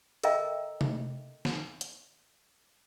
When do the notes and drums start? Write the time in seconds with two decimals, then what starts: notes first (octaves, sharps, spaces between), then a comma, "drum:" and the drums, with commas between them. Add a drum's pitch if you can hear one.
0.24 A4 A#4 D#5 E5 G5 A#5, drum: hi-hat
0.81 drum: tom C3
1.45 drum: snare
1.81 drum: hi-hat